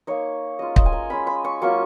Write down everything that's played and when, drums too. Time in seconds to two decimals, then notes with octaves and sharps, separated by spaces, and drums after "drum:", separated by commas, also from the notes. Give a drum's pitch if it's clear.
0.07 A#3 D#4 C#5
0.59 G#3 C#4 F4 D#5
0.76 D#5, drum: kick
0.86 G#5
0.93 A#5
1.10 G#3 C#4 F4 B5
1.27 B5
1.44 C#6
1.62 F#3 A#3 C#4 F4 C#6